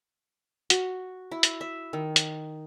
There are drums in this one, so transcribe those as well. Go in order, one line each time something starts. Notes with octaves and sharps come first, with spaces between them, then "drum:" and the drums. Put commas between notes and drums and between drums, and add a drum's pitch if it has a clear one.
F#4, drum: hi-hat
E4
drum: hi-hat
E5
D#3
drum: hi-hat